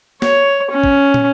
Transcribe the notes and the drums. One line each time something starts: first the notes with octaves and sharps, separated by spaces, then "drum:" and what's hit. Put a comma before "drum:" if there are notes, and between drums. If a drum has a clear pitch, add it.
C#5, drum: snare
C#4
drum: kick
drum: tom